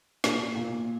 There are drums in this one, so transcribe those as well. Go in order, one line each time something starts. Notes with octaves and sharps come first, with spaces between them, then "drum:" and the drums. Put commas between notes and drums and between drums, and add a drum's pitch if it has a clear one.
A#2, drum: snare
A#2